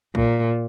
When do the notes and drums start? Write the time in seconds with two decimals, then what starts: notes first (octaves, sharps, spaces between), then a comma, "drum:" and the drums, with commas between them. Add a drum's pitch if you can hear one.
0.15 A#2, drum: kick A#1